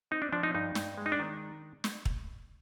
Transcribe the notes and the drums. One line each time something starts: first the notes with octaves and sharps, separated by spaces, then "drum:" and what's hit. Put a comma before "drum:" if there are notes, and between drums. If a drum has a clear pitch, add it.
C4 D#4
D4
F3 D4
D#4
G2 D#4
G2, drum: snare
G#3
D#4
D4
D#3
drum: snare
drum: kick